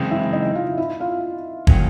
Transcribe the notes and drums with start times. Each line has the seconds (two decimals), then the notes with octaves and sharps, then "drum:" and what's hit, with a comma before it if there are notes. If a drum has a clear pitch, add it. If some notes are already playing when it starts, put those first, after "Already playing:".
Already playing: F#2 C#3 E3 G#3 C4
0.11 E4 E5
0.33 D#4 D#5
0.55 F4 F5
0.78 E4 E5
1.00 F4 F5
1.67 D#3 F#3 A#3 C#4, drum: kick